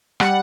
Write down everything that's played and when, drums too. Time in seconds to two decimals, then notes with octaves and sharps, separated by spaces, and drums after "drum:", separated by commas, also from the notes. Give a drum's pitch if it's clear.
0.20 G3 F#5, drum: rim click